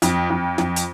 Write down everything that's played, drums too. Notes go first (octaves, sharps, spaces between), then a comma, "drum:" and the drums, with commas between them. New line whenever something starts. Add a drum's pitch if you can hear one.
F2, drum: hi-hat
F2
F2, drum: snare
drum: hi-hat